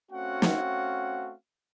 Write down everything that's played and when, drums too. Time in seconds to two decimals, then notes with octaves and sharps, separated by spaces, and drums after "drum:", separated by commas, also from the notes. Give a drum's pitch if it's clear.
0.11 A3 C4 C#4 F#4 F5 F#5
0.42 drum: snare